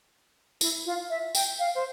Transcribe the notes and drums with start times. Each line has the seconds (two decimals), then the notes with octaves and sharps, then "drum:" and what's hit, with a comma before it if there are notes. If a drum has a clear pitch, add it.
0.61 E4, drum: tambourine
0.86 F4
1.10 E5
1.35 G5, drum: tambourine
1.59 F5
1.75 C5